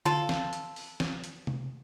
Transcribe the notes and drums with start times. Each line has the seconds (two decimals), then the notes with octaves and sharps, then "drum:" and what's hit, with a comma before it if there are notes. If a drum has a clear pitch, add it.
0.05 F4 A4, drum: tom D3
0.29 drum: snare
0.53 drum: hi-hat
0.76 drum: open hi-hat
1.00 drum: snare
1.24 drum: hi-hat
1.47 drum: tom C3